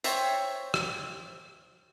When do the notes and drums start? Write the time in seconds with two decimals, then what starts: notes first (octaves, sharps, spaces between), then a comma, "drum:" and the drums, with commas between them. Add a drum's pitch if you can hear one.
0.04 C5 C#5 E5 G5, drum: hi-hat
0.74 drum: rim click